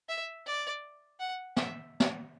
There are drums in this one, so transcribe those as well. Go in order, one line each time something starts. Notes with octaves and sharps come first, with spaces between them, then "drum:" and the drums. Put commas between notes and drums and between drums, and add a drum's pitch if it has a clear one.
E5
D5
F#5
E5, drum: snare
drum: snare